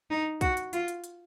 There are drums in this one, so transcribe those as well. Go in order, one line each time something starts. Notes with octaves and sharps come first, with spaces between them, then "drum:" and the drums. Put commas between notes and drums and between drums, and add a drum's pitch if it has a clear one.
D#4
F#4, drum: kick, hi-hat
drum: hi-hat
F4, drum: hi-hat
drum: hi-hat
drum: hi-hat